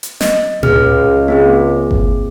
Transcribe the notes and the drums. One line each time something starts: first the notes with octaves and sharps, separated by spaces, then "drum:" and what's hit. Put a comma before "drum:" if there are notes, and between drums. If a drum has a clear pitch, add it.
drum: hi-hat
D#5, drum: snare
C#2 G#4 F6, drum: tom A2
A#3 C4 G#4
drum: kick G1